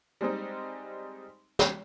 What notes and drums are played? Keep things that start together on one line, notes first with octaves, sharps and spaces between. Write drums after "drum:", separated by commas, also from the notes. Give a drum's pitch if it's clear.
G3 G#3 C4 D#4
drum: snare